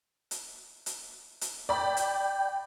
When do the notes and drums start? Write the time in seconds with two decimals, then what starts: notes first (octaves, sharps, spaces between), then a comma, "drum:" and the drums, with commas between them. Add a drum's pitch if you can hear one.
0.31 drum: hi-hat
0.86 drum: hi-hat
1.41 drum: hi-hat
1.69 D5 G5 B5
1.97 drum: hi-hat